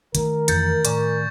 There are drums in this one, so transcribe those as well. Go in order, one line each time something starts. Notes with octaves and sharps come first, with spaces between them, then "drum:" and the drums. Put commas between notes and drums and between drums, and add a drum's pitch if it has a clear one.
D#3 A3 A#4, drum: hi-hat
F2 E3 G6 A6 C#7, drum: hi-hat
A2 D5 G#5 C#6, drum: hi-hat